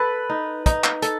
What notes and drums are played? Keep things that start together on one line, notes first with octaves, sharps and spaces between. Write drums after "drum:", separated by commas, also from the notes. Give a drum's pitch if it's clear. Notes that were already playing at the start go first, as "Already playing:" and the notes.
Already playing: A4 B4
D#4
D#4, drum: kick, hi-hat
drum: clap
A4, drum: hi-hat